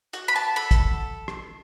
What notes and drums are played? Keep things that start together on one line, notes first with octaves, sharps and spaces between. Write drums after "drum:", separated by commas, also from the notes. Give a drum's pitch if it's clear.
F#4, drum: hi-hat
B5
A5
A4 B5
drum: kick, hi-hat
drum: rim click